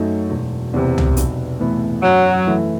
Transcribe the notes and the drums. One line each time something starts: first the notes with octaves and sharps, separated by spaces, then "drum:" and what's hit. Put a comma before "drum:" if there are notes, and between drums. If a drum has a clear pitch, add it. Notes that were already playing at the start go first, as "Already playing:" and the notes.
Already playing: F#2 F#3 A3 D#4
E1
E2 C3
drum: tom
B1, drum: hi-hat
A2 E3 B3
F#2 F#3
E3 A3 E4